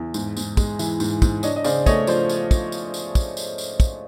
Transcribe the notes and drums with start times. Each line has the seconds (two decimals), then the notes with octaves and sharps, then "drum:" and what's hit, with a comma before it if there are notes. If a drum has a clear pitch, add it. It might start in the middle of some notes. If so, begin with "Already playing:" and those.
Already playing: E2
0.14 G#2, drum: tambourine
0.37 G#2, drum: tambourine
0.57 G#3, drum: kick, tambourine
0.79 E3, drum: tambourine
1.00 G#2, drum: tambourine
1.22 G#2, drum: kick, tambourine
1.43 D4 C#5 D#5, drum: tambourine
1.56 D#5
1.64 C#3 C5 D5, drum: tambourine
1.86 A3 C#5 D#5, drum: kick, tambourine
2.07 F3 C5 D5, drum: tambourine
2.29 drum: tambourine
2.51 drum: kick, tambourine
2.72 drum: tambourine
2.94 drum: tambourine
3.15 drum: kick, tambourine
3.37 drum: tambourine
3.58 drum: tambourine
3.80 drum: kick, tambourine